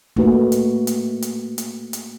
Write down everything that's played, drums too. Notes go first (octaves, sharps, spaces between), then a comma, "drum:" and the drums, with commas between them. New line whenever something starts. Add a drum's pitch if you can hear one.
A3 A#3 D#4 F#4 B4, drum: kick
drum: hi-hat
drum: hi-hat
drum: hi-hat
drum: hi-hat
drum: hi-hat